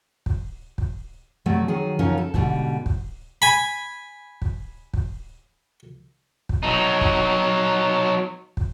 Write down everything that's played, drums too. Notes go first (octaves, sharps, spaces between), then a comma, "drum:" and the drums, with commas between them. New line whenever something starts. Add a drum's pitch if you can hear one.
drum: kick
drum: kick
C3 F#3 G3 A3
D#3 F#3 G#4
C#3 F3 F#3 C#4 D#4 A#4
A4
G#2 B2 D3 G3, drum: kick
drum: kick
G#5 B5
drum: kick
drum: kick
drum: kick
F#3 D#4
drum: kick
drum: kick